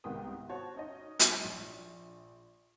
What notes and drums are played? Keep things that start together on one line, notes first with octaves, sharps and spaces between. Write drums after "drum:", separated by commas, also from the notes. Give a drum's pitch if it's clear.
C2 G#2 D#3 B3 G5 D#6
F#4 C5 C#5 A5
C#4 D#4 D#5
drum: hi-hat
A#1